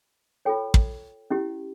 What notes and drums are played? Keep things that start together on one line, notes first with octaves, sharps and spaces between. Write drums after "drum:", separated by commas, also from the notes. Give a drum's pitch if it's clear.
F4 A4 C#5 G5
drum: kick
C#4 E4 G4